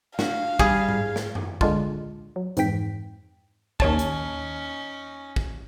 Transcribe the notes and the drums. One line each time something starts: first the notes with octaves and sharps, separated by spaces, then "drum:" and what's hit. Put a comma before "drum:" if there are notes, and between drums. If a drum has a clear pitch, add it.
D4 F#4 F5, drum: snare
G3 G#4, drum: kick
drum: tom G#2
drum: snare
drum: tom F#2
D3 G#3 D4 F4, drum: kick
F#3
F2 G#2 E3 G5 B6, drum: hi-hat
D#2 C#4 D#4 C#5 A5, drum: kick
drum: hi-hat
drum: kick